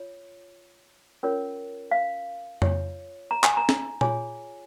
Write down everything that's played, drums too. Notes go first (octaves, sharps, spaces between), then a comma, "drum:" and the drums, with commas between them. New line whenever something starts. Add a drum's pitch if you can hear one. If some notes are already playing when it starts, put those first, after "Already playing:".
Already playing: F4 C#5
C#4 F4 A#4 C#5
F5
F4 C#5, drum: tom F2
A#5
G#5, drum: clap
A#5
drum: snare
F4 G#4 C#5 G#5, drum: tom A#2